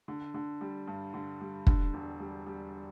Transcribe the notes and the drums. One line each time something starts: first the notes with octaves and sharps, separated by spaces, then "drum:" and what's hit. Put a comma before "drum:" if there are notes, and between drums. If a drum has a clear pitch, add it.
D3
D3
G3
G2
D3
G3
D3, drum: kick
E1
G3
G3